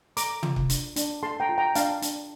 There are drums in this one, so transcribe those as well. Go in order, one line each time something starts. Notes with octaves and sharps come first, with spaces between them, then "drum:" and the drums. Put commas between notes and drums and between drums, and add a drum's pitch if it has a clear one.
A4 A#5 D6, drum: hi-hat
F4, drum: tom
drum: kick C#1
D4, drum: hi-hat
D4, drum: hi-hat
A4 A5 C6
G5 A#5
F4
G5 A#5
D4 F5 A5, drum: hi-hat
D4, drum: hi-hat